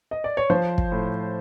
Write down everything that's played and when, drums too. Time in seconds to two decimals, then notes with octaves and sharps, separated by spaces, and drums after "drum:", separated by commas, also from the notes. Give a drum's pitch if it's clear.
0.11 D#5
0.24 D5
0.37 C#5
0.50 F3 C5
0.78 drum: kick
0.92 A2